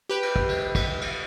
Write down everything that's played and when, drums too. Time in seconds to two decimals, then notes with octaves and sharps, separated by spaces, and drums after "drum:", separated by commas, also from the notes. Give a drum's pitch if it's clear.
0.09 G4 B4 G5
0.23 drum: cymbal
0.36 drum: kick
0.49 drum: cymbal
0.75 drum: kick, cymbal
1.01 drum: cymbal